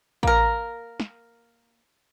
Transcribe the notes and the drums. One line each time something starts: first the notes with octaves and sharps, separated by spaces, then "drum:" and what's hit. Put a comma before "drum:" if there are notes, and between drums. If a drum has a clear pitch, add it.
A#3 A#4, drum: kick
drum: snare